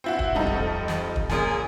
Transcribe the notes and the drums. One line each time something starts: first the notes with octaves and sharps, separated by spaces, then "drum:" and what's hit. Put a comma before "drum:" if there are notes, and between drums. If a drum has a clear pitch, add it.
C4 E4 F#4
drum: kick
F2 G3 D#4 A4
drum: kick
drum: snare
drum: kick
A#2 C#3 G#4 G#5, drum: snare